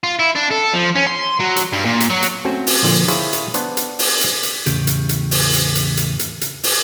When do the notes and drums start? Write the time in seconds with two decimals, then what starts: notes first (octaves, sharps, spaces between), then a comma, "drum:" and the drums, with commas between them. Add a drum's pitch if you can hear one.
0.04 F4
0.19 E4
0.35 D4
0.51 A4
0.73 F3
0.95 C#4
1.07 C6
1.39 F#3
1.56 drum: hi-hat
1.73 G2
1.85 A#2
2.00 drum: hi-hat
2.10 F#3
2.22 drum: hi-hat
2.45 A3 C4 C#4 F#4 C5
2.67 drum: open hi-hat
2.83 A#2 D3 F3
3.08 E4 G#4 C5 C#5 E5 F5, drum: hi-hat
3.33 drum: hi-hat
3.54 B3 D4 C5, drum: hi-hat
3.77 drum: hi-hat
3.99 drum: open hi-hat
4.21 drum: hi-hat
4.43 drum: hi-hat
4.66 E2 A2 C#3 G4, drum: hi-hat
4.87 drum: hi-hat
5.09 drum: hi-hat
5.31 drum: open hi-hat
5.53 drum: hi-hat
5.75 drum: hi-hat
5.97 drum: hi-hat
6.19 drum: hi-hat
6.41 drum: hi-hat
6.63 drum: open hi-hat